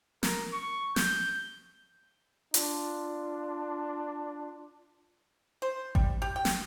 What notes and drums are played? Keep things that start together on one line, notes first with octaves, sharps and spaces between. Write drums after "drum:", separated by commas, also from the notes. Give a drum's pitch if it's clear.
A#4, drum: snare
C#6
G6, drum: snare
D4 F4, drum: hi-hat
C5
G3, drum: kick G#1
G4
G5
drum: snare